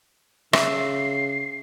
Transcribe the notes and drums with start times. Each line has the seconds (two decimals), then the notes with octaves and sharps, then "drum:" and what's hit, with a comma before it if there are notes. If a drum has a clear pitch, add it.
0.53 C#3 E5 C7, drum: rim click